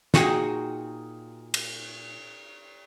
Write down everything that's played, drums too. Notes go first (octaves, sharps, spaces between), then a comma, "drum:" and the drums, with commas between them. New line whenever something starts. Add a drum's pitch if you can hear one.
A#2 D#4 F#4 G#4 G5, drum: snare
drum: cymbal